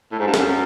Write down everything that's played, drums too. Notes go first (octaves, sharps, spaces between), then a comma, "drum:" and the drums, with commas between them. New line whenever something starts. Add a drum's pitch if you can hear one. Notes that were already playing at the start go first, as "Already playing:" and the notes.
A2
G#2
G2
F#2, drum: snare